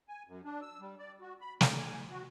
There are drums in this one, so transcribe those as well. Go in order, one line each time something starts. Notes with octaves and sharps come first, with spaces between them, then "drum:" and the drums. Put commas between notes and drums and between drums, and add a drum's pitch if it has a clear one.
G#5
F#2
D4
E6
G3
D5
F#4
B5
C4, drum: snare
G#5
F#4